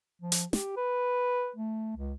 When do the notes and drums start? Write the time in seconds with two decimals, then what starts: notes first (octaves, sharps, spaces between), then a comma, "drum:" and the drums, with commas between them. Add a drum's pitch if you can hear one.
0.22 F3
0.32 drum: hi-hat
0.53 G4, drum: snare
0.77 B4
1.56 A3
1.96 C#2